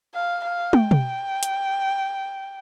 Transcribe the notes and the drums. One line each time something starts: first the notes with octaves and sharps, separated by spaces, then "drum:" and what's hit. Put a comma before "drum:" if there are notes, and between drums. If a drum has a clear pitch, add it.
F5
F5
G5, drum: tom
drum: tom
drum: hi-hat